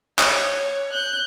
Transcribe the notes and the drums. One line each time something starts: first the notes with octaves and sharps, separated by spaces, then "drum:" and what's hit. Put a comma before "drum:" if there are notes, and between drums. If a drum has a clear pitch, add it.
C#5, drum: clap
F#6 G6